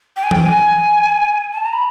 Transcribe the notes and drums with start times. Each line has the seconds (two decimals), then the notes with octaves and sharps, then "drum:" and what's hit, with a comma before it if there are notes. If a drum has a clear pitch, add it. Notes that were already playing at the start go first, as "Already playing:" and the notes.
0.17 G5
0.23 G#5
0.31 G5, drum: tom E3
0.44 G#5
1.53 A5
1.63 A#5
1.73 B5